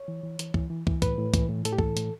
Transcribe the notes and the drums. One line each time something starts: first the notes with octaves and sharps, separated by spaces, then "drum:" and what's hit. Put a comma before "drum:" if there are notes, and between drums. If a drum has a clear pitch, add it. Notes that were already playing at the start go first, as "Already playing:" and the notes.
Already playing: C#5
E3
E3
E3, drum: hi-hat
E3, drum: kick
E3
E3, drum: kick
A2 B4, drum: kick, hi-hat
A2
E3, drum: kick, hi-hat
A2
A2 A4, drum: hi-hat
G4
E3 A4, drum: kick
A2, drum: hi-hat